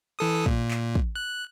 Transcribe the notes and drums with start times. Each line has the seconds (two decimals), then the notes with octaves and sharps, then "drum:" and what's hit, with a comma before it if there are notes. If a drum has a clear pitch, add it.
0.19 E3 A4 D#6
0.46 A#2, drum: kick
0.71 drum: clap
0.95 drum: kick
1.16 F#6